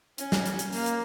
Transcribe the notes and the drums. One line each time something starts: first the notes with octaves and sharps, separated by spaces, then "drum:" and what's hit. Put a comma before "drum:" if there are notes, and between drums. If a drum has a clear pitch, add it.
C#4, drum: hi-hat
drum: snare
drum: hi-hat
drum: hi-hat
A#3, drum: open hi-hat
drum: hi-hat